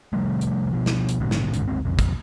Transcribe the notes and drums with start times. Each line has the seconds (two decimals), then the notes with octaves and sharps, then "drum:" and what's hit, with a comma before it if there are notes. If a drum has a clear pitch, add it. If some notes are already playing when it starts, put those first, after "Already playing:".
0.13 C3 F3 G3 A3
0.41 drum: hi-hat
0.72 B2 F3
0.86 drum: snare
1.09 drum: hi-hat
1.20 A#1 G#2 B2 D3
1.31 drum: snare
1.54 G1 D#2 G#2 C#3, drum: hi-hat
1.68 G1 D2 G#2 C4
1.85 B1 F2 C3
1.99 drum: kick, hi-hat